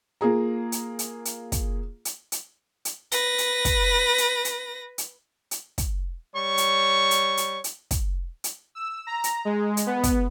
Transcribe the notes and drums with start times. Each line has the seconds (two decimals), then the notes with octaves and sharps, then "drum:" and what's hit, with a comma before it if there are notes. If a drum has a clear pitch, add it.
0.21 A#3 F4 G#4 A#5
0.72 drum: hi-hat
0.99 drum: hi-hat
1.25 drum: hi-hat
1.52 drum: kick, hi-hat
2.05 drum: hi-hat
2.32 drum: hi-hat
2.85 drum: hi-hat
3.12 B4 A#6, drum: hi-hat
3.38 drum: hi-hat
3.65 drum: kick, hi-hat
4.18 drum: hi-hat
4.45 drum: hi-hat
4.98 drum: hi-hat
5.51 drum: hi-hat
5.78 drum: kick, hi-hat
6.35 G3 C#5 C#6
6.58 drum: hi-hat
7.11 drum: hi-hat
7.37 drum: hi-hat
7.64 drum: hi-hat
7.91 drum: kick, hi-hat
8.44 drum: hi-hat
8.75 E6
9.07 A#5
9.24 drum: hi-hat
9.45 G#3
9.77 drum: hi-hat
9.87 B3
10.04 drum: kick, hi-hat